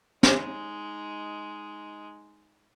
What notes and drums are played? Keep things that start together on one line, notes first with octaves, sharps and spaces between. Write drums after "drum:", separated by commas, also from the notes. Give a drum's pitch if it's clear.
G#3 D#4, drum: snare